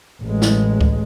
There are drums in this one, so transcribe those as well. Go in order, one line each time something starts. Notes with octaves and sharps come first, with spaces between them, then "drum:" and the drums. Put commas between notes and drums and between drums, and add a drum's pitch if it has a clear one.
A1 G#3
drum: snare
drum: kick C#2